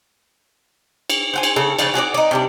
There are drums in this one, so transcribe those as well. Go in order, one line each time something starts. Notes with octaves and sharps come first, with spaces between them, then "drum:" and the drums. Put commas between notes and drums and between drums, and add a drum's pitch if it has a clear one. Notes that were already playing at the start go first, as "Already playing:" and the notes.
drum: cymbal
C5 F#5 G#5
drum: cymbal
C#3 A4
C#3 F3 D4, drum: cymbal
F#4 G#4 C5 D5
D#4 D5
C3 G3 D4